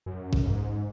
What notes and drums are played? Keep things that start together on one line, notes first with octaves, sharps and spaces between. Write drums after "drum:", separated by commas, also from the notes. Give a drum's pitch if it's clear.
F#2
drum: kick
G#2